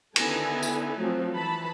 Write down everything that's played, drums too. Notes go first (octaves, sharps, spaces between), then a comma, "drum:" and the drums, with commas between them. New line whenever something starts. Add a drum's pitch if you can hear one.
D3 D#3 B3 E4 A4 G#5, drum: cymbal
drum: tambourine
F3 F#3 A3 C4
E3 A5 B5